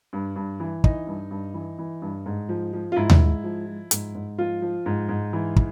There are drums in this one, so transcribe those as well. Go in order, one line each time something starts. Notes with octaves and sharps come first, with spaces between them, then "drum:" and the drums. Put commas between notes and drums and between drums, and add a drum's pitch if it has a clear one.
G2
G2
E3
E3 D#4, drum: kick
G2
G2
E3
E3
G2
G#2
F3
F3
F4
G#2 E4
drum: tom D#2
G#2
F3
F3
G#2, drum: hi-hat
G#2
F3 F4
F3
G#2
G#2
E3
E3, drum: kick